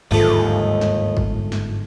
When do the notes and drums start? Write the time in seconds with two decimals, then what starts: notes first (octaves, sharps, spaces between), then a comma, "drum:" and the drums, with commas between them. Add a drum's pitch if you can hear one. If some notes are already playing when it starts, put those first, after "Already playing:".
0.11 G1 D#2 G#2 F3 G#3 A3
0.81 drum: snare
1.17 drum: kick
1.52 drum: snare